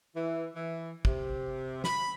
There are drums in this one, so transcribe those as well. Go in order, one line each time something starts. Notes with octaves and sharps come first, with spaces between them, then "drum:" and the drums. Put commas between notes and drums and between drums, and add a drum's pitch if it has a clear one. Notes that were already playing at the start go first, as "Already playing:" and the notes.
E3
E3
C3, drum: kick
B5, drum: snare